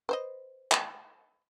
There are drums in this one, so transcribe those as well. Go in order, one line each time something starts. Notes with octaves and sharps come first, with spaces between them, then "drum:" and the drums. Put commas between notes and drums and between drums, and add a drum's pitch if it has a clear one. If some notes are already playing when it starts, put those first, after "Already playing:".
B4 C5 D#5
drum: clap